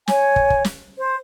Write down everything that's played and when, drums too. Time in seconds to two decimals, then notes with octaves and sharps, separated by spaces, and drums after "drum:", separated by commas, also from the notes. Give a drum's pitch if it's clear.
0.08 C#5 G#5, drum: snare
0.36 drum: kick
0.50 drum: kick
0.65 drum: snare
0.96 C5